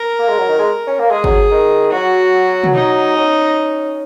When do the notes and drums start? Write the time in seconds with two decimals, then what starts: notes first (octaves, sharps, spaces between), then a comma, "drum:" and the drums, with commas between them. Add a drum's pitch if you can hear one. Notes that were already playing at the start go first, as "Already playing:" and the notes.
Already playing: A#4
0.19 A#3
0.28 G#3
0.38 F#3
0.49 D#3
0.59 G#3
0.87 C#4
0.99 A#3
1.10 G#3 G#4
1.24 F#3, drum: kick
1.51 D#3
1.92 F#3 F#4
2.64 drum: tom
2.74 D#4
3.16 C#4